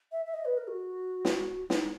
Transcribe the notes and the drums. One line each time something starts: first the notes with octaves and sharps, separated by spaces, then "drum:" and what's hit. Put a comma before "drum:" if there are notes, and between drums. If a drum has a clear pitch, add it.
E5
E5
D#5
B4
A#4
F#4
drum: snare
D#4, drum: snare